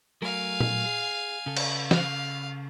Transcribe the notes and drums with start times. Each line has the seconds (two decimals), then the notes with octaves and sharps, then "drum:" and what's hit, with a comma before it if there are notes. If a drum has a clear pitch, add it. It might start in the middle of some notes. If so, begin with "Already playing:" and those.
0.22 F#3 A3 A#4 F5 G#5
0.60 drum: tom A#2
0.86 G#4
1.46 C#3 A4
1.57 drum: cymbal
1.91 F5, drum: snare